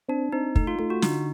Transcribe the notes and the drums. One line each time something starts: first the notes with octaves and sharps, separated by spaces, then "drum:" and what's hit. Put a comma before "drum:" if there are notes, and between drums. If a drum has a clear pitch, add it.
C4 D4
C4 D#4
A3 D#4, drum: kick
F4
A3 F4
F#4
D3 D#4, drum: snare